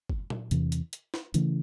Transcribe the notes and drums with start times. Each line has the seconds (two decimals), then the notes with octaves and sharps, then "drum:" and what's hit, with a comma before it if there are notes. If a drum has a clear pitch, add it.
0.09 drum: kick
0.30 drum: tom A#2
0.51 E2 C3 E3, drum: hi-hat
0.72 drum: hi-hat
0.93 drum: hi-hat
1.14 drum: snare
1.34 C#3 E3 A3, drum: hi-hat